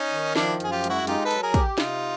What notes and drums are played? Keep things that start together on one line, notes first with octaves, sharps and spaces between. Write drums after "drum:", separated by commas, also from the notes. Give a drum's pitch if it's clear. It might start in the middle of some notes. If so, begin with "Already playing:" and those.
Already playing: C#4 D#4
D#3
F3 D4 E4, drum: snare
F#2 G#4, drum: hi-hat
F4 G4
G#3, drum: hi-hat
E4 F#4
D#4 F4 G4, drum: hi-hat
A4 B4
F#3, drum: hi-hat
G#4 A#4
G4, drum: kick, hi-hat
C3 D#4 F4, drum: snare